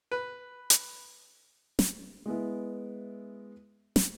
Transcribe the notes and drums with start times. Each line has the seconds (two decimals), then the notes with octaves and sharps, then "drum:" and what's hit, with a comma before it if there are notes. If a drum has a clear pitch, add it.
0.11 B4
0.70 drum: hi-hat
1.79 drum: snare
2.26 G#3 B3 E4
3.96 drum: snare